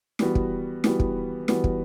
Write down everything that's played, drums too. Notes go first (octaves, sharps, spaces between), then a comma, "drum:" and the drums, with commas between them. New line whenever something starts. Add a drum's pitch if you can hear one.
E3 G3 B3 F#4, drum: snare
drum: kick
E3 G3 B3 F#4, drum: snare
drum: kick
E3 G3 B3 F#4, drum: snare
drum: kick